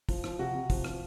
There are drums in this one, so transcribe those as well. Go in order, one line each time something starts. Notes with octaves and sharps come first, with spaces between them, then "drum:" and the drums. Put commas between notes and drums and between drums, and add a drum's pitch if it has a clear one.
F3, drum: kick, open hi-hat
F3, drum: rim click
C3 F#4
C3
F3, drum: kick, open hi-hat
F3, drum: rim click